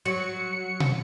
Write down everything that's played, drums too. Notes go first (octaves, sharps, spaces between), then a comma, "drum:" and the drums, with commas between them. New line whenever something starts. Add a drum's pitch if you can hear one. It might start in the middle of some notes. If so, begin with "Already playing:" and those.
F#3 C#7
drum: tom